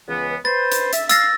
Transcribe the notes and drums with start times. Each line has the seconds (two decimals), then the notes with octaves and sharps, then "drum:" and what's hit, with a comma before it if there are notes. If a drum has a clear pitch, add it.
0.08 C#2 E3 B3
0.45 B4 C5 A6
0.72 drum: hi-hat
0.93 E5, drum: hi-hat
1.09 F5 E6 A6 A#6, drum: hi-hat